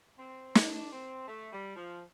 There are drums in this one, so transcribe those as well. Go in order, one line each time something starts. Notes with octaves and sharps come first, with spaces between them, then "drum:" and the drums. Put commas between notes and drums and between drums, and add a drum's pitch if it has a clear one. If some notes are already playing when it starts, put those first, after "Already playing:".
C4
D4, drum: snare
C4
A3
G3
F3